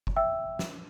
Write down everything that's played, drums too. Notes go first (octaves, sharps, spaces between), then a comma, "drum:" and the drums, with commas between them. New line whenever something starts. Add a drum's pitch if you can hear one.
drum: kick F#1
E5 G5 E6
drum: snare